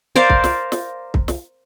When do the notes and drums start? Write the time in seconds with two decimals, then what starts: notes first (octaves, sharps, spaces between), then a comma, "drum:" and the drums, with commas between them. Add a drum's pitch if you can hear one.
0.16 A#4 C5 D5 F5
0.30 drum: kick C2
0.44 drum: snare
0.72 drum: snare
1.14 drum: kick C2
1.28 drum: snare